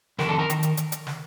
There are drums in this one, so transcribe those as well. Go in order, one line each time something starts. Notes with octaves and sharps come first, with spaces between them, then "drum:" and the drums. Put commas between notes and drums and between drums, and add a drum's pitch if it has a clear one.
F2 D#3 A#4, drum: snare
A4
A#4
D#3, drum: hi-hat
drum: hi-hat
drum: hi-hat
drum: hi-hat
drum: snare